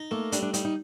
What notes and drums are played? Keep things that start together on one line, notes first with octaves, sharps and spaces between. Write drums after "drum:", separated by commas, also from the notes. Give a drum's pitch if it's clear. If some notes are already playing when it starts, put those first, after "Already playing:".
Already playing: D#4
A3 A#3
G3 D4, drum: hi-hat
D4
G3 D#4, drum: hi-hat
D#4